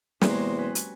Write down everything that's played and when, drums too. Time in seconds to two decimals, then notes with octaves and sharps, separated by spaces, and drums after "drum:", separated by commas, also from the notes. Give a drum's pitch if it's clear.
0.21 E2 C3 F#3 G#3 A#3 C5, drum: snare
0.58 F#3 C#4 B4
0.75 drum: hi-hat